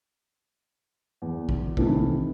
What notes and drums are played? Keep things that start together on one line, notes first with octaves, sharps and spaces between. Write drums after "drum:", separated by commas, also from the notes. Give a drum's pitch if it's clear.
E2
drum: kick A#1
C3 D#3 E3 A3, drum: kick A#1